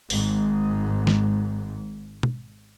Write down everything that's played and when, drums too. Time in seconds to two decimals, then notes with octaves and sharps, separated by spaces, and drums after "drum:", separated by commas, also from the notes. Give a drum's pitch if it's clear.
0.10 G#1 G#2, drum: open hi-hat
1.07 drum: snare
2.23 drum: tom